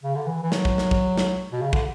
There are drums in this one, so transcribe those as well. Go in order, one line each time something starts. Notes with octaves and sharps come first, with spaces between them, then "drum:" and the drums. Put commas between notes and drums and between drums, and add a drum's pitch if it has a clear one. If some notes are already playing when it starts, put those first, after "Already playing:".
C#3
D3
E3
E3
F#3, drum: snare
drum: kick
drum: snare
drum: kick
drum: snare
B2
C#3
D3, drum: kick